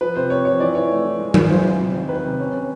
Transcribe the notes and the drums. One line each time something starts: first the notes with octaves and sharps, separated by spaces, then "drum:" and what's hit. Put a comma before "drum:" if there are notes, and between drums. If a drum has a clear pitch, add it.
F3 B4
C3 C5
C3 C#5
F3 C#5
E3 D5
E3 C#5
A3
E3
G#3
G#3, drum: tom F#3
E3 C5
C#3
C3
D#3
D#3 B4
C3
C#4
C#4